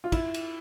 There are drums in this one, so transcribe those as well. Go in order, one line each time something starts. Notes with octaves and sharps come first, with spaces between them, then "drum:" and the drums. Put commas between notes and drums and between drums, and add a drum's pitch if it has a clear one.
F4
E4, drum: kick, cymbal
drum: cymbal